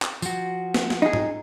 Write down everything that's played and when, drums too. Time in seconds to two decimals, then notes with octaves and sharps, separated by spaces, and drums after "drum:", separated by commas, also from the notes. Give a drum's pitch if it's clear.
0.02 drum: clap
0.22 F3 F#4, drum: tambourine
0.74 drum: snare
0.90 drum: snare
1.02 D#4 G#4
1.13 drum: tom